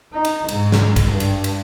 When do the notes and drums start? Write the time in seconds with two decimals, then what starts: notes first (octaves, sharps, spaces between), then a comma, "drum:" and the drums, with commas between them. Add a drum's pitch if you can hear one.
0.13 D#4
0.25 drum: cymbal
0.49 G#2, drum: cymbal
0.72 drum: snare
0.96 drum: kick, cymbal
1.07 G2
1.20 drum: cymbal
1.44 drum: cymbal